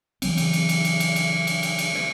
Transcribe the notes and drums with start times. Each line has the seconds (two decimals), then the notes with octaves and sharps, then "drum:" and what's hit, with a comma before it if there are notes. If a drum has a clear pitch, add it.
0.22 C#3 E3 F#3 C4, drum: cymbal
0.38 drum: cymbal
0.53 drum: cymbal
0.69 drum: cymbal
0.85 drum: cymbal
1.00 drum: cymbal
1.16 drum: cymbal
1.47 drum: cymbal
1.63 drum: cymbal
1.78 drum: cymbal
1.94 drum: snare